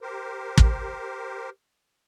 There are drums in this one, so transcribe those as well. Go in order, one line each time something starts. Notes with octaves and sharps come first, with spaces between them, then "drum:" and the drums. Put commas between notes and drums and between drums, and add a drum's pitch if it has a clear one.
G4 A#4 C5
drum: kick